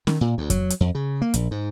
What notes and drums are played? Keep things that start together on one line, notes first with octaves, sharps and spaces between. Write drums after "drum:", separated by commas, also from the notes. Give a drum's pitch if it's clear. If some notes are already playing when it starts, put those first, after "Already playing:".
D#3, drum: snare C#4
A#2
D2
F#3, drum: kick F2, hi-hat
drum: hi-hat
F2
C#3
A#3
A#1, drum: hi-hat
G#2